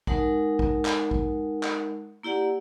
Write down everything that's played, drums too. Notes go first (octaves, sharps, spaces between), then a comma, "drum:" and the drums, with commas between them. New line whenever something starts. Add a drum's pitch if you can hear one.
G#3 D#4 A#4 F#5 A5, drum: kick
drum: kick
drum: clap
drum: kick
drum: clap
A#3 E4 G4 D5 F#5